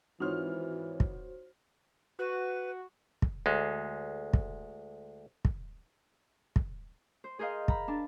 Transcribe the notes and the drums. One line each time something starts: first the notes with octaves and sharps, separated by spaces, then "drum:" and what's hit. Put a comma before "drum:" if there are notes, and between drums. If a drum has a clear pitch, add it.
G#1 E3 D#4 F4 F#4 C5 C#5 F6
drum: kick
F#4 B4
drum: kick
D2 G#3
drum: kick
drum: kick
drum: kick
C5
G#4 A#4 C5 D#5 F5
A#5 B5, drum: kick
D4 A5